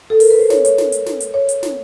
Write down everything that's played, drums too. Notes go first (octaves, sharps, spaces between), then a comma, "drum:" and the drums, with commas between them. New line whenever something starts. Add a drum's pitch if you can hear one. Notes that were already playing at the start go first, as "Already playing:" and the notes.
A4
A#4, drum: open hi-hat
B4
C5
C#5, drum: snare
C#5, drum: hi-hat
drum: snare
drum: hi-hat
drum: snare
drum: hi-hat
C#5
drum: hi-hat
drum: snare